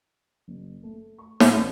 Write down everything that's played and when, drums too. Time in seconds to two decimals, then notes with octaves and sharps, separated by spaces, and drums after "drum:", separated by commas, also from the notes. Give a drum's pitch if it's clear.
0.48 F#1
0.83 A3
1.19 C#6
1.40 A2, drum: snare
1.57 A1